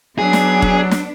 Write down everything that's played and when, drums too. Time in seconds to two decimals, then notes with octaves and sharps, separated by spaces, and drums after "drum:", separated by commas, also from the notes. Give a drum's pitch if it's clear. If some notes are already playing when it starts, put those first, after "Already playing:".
0.19 F#3 B3 D4 G#4
0.33 drum: snare
0.62 drum: kick E1
0.91 drum: snare